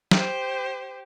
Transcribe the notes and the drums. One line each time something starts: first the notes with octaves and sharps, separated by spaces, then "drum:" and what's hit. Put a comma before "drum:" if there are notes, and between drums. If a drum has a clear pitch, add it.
G4 C5, drum: snare